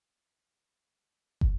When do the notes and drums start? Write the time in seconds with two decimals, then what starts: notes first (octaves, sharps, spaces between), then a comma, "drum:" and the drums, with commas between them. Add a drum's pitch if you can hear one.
0.14 E3 F#3
1.41 drum: kick